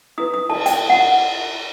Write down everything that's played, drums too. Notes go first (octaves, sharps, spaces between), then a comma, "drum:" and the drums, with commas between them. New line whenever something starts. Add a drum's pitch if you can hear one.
E4 B4 D#6
D#6
A5, drum: cymbal
G5, drum: hi-hat
F#5